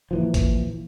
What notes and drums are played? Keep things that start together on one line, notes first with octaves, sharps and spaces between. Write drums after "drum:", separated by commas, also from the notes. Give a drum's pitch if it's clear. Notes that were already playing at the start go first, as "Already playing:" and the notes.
A#2 E3 F3
drum: kick G#1, hi-hat